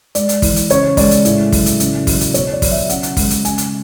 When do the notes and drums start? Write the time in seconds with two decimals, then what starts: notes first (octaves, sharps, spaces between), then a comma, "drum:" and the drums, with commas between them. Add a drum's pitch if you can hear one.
0.15 G#3 D5, drum: hi-hat
0.29 drum: hi-hat
0.42 E3, drum: kick, open hi-hat
0.56 drum: hi-hat
0.70 C#3 C#5, drum: hi-hat
0.97 G#3 D5, drum: kick, open hi-hat
1.11 drum: hi-hat
1.25 A2, drum: hi-hat
1.52 F#3, drum: kick, open hi-hat
1.66 drum: hi-hat
1.80 C#3, drum: hi-hat
2.07 F#3, drum: kick, open hi-hat
2.21 drum: hi-hat
2.34 B2 C#5, drum: hi-hat
2.53 D5
2.62 F#3, drum: kick, open hi-hat
2.71 E5
2.89 C#3 F#5, drum: hi-hat
3.03 drum: hi-hat
3.17 G#3, drum: kick, open hi-hat
3.30 drum: hi-hat
3.45 C#3 G#5, drum: hi-hat
3.58 drum: hi-hat